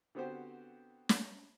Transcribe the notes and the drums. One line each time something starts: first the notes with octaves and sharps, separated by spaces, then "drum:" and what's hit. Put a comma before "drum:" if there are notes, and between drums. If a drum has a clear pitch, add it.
D3 B3 C4 F#4 G4 C5
drum: snare